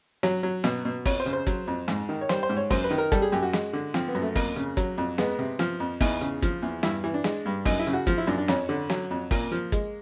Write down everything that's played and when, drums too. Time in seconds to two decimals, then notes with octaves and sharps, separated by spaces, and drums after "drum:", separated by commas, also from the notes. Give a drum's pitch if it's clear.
0.23 F#3, drum: snare
0.43 F#3
0.64 B2, drum: snare
0.85 B2
1.05 F2 C#5, drum: kick, open hi-hat
1.20 C5
1.26 C#3
1.33 C5
1.47 F#3, drum: kick, hi-hat
1.67 F2
1.88 G#2, drum: snare
2.09 D#3
2.21 C#5
2.29 G3 C5, drum: snare
2.43 C5
2.49 G#2
2.57 C#5
2.70 F#2 C5, drum: kick, open hi-hat
2.84 B4
2.91 D#3
2.98 A#4
3.12 G3 A4, drum: kick, hi-hat
3.22 G#4
3.32 F#2 G4
3.43 F#4
3.53 G#3, drum: snare
3.73 D3
3.94 F3 C4, drum: snare
4.08 B3
4.15 F#2
4.22 A3
4.35 F2 A#3, drum: kick, open hi-hat
4.56 C#3
4.77 F#3, drum: kick, hi-hat
4.98 F2
5.18 G#3 B3, drum: snare
5.39 C3
5.59 F3, drum: snare
5.80 F2
6.01 E2 D#4, drum: kick, open hi-hat
6.21 C#3
6.42 F3, drum: kick, hi-hat
6.62 E2
6.83 G2 E4, drum: snare
7.04 E3
7.14 D4
7.24 G#3, drum: snare
7.45 G2
7.65 F#2 D#4, drum: kick, open hi-hat
7.79 E4
7.87 C#3
7.93 F#4
8.07 F3, drum: kick, hi-hat
8.18 E4
8.27 F#2 D4
8.38 D4
8.48 F2 C#4, drum: snare
8.69 D3
8.90 F#3, drum: snare
9.11 F2
9.31 A#2 A#3, drum: kick, open hi-hat
9.52 F3
9.72 G#3, drum: kick, hi-hat